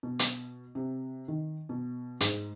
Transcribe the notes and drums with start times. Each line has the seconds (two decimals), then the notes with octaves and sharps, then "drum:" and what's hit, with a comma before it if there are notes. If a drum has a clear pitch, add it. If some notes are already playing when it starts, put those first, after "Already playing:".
0.03 B2
0.19 drum: hi-hat
0.75 C3
1.28 D#3
1.69 B2
2.21 G#2, drum: hi-hat